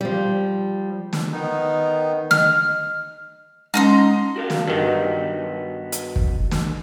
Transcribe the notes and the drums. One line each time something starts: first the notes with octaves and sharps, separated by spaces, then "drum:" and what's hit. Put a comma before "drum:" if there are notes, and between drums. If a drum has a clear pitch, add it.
F3 G3
drum: snare
D#3 B3 D#4
D#5 F6, drum: snare
G#3 C#4 D#4 A#5 C6
F#4 A#4 F5
drum: snare
G2 D#3 B3 D#4 F#4
drum: hi-hat
drum: kick
drum: snare